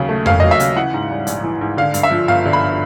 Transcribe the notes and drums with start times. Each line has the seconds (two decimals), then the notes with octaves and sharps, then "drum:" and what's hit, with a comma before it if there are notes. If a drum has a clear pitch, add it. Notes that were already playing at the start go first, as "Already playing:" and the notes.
Already playing: D#2 C#3 F#3
0.09 A3
0.26 D#2 F5, drum: tom F2
0.40 F#3 D#5
0.51 E5
0.60 C#3, drum: hi-hat
0.76 E3 F#5
0.94 G#2
1.11 G3
1.27 A#1, drum: hi-hat
1.44 E3
1.61 G#2
1.77 D3 F5
1.94 G2, drum: hi-hat
2.03 E5
2.11 F3
2.28 G1 F5
2.46 D3
2.53 B5